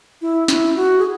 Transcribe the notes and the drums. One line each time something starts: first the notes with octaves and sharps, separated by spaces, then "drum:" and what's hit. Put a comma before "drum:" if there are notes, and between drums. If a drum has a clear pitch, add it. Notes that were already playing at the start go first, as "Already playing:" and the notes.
E4
E4, drum: snare
F#4
G#4